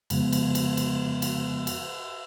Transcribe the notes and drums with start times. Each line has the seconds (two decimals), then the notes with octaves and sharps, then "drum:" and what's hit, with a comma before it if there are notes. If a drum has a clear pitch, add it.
0.10 F2 C#3 F3 G#3 B3, drum: cymbal
0.33 drum: cymbal
0.55 drum: cymbal
0.77 drum: cymbal
1.22 drum: cymbal
1.67 drum: cymbal